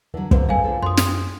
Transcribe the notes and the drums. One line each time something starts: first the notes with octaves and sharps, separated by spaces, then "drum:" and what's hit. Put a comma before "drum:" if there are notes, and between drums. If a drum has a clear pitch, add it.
E2 D3 F#3
D3 F#3 A3 A#3 B4 C5, drum: kick
F2 G#2 A3 F5 G#5
D4 F4 A4
F#2 C6 D#6
drum: snare